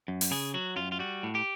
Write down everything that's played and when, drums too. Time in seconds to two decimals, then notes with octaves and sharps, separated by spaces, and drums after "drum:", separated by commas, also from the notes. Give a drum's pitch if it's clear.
0.08 F#2
0.21 drum: open hi-hat
0.31 C#3 G#4
0.54 F#3 F#4
0.76 F#2 F4
0.92 F4
0.99 G3 F#4
1.23 A2
1.35 G4